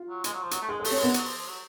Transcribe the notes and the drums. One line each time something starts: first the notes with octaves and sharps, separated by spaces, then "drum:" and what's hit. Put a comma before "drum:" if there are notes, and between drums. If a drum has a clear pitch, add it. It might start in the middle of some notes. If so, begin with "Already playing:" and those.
Already playing: F4
F#3
G#3, drum: hi-hat
F#3
F3
F#3, drum: hi-hat
A3
G#3 G#4
G#3 A4
A3, drum: open hi-hat
C#4 C#5
G#3 B3 B4
F#3, drum: hi-hat
F3
F3
F#3